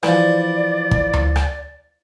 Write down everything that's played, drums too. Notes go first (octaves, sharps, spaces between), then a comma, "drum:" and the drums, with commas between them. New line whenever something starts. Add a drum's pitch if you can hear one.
E3 F3 D5, drum: rim click
drum: kick
drum: tom D2
drum: rim click